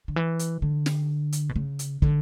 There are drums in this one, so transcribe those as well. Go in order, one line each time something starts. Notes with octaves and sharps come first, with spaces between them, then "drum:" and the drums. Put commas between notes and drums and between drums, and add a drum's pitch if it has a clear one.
D3
E3
drum: hi-hat
D3
drum: snare
drum: hi-hat
B2
C#3
drum: hi-hat
D3, drum: kick